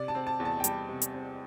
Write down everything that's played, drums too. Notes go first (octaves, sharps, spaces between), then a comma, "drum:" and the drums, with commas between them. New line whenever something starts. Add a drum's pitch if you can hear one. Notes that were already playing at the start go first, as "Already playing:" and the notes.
Already playing: C3 D5
A5
C4
A5
E2
A5
G5
G3 A5, drum: hi-hat
C3
drum: hi-hat
C4